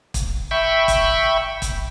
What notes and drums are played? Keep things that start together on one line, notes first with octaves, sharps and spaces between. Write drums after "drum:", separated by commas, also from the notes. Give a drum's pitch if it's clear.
drum: kick, hi-hat
E5 G5 B5 C#6
drum: kick, hi-hat
drum: kick, hi-hat